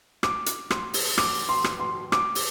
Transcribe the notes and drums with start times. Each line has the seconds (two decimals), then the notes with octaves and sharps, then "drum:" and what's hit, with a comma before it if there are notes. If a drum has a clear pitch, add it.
0.23 D6, drum: rim click
0.46 drum: hi-hat
0.71 C6, drum: rim click
0.94 drum: open hi-hat
1.18 D6, drum: rim click
1.49 C6
1.64 drum: rim click
1.80 C6
2.12 D6, drum: rim click
2.35 drum: open hi-hat